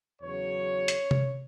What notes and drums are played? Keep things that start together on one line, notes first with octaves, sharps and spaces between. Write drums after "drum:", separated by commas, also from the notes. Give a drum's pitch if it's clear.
E2 C#3 F#3 C#5
drum: hi-hat
drum: tom C3